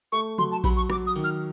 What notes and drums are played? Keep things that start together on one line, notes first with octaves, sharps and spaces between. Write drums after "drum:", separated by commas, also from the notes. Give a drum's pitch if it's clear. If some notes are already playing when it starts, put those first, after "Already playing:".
A3 C#6
F#3 C6, drum: tom
A5
F#3 B5, drum: kick A#1, open hi-hat
C#6
F#3 D6, drum: rim click
D#6
D#3, drum: open hi-hat
F6